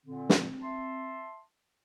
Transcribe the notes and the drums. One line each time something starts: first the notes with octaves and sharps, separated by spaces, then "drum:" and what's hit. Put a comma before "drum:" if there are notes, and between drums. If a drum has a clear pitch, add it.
A#2 D3 C4
drum: snare
E5 A5 C6